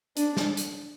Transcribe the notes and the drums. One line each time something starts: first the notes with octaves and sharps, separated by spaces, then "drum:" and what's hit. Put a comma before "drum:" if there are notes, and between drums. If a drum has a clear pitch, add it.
D4, drum: hi-hat
drum: snare
drum: hi-hat